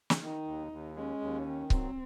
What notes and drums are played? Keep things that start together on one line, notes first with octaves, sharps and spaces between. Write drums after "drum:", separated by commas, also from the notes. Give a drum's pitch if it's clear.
drum: snare
D#3 D#4
D#2
D#2
G#3 C#4
D#2
D#3
F#3 C4, drum: kick C#1